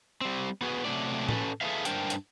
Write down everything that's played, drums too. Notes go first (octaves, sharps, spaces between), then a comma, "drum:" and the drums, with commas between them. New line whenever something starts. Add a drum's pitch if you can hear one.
G3 C4
B3 F#4 G#4 B4
C3 F#3 A3 D5
C#4 A4 B4, drum: tom A2
G#4 A4 B4 E5 F5
G2 D4 A#4 C5 G5, drum: hi-hat
drum: hi-hat